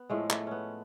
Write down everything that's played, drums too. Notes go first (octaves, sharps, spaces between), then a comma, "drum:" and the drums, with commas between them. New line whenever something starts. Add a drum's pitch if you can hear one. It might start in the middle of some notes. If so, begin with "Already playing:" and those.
Already playing: B3
A2 F3 G#3 A3
A3, drum: clap
B3 C#4